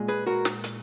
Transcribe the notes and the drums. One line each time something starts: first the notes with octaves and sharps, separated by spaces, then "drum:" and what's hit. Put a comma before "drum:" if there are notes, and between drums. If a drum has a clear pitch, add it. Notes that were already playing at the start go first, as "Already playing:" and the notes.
Already playing: A#2 G#3
G#4 B4
F#4 A#4
drum: snare
drum: hi-hat